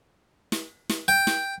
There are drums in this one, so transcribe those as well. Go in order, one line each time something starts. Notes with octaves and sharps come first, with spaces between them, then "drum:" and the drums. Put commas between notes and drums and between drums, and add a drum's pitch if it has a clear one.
drum: snare
drum: snare
G5
drum: snare